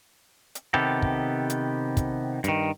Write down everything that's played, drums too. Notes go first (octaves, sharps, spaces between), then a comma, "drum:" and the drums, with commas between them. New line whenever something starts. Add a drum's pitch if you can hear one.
drum: hi-hat
C3 D#3 B3 G4 A4
drum: kick
drum: hi-hat
drum: kick, hi-hat
G2 D#3, drum: hi-hat